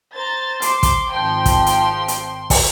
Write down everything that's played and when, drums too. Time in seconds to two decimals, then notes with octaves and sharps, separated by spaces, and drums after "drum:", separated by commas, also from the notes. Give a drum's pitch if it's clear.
0.15 C5 A#5 A6
0.62 C6 D6, drum: hi-hat
0.83 drum: kick, hi-hat
1.11 G#1 F3 G5 C6
1.45 drum: kick, hi-hat
1.66 drum: hi-hat
2.08 drum: hi-hat
2.50 drum: kick, open hi-hat